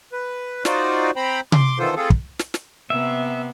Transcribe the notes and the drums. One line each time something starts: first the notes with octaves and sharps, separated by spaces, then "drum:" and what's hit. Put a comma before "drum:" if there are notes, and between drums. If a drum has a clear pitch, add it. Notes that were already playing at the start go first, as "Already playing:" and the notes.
B4
D#4 F4 F#4 C5 D5, drum: snare
C4 C5 G5 A#5 B5
C6 D6, drum: tom C3
D#3 E3 B3 F4 A4 C5
A3 C4 F4 G#4 A4
drum: kick
drum: snare
drum: snare
C3 B3 E5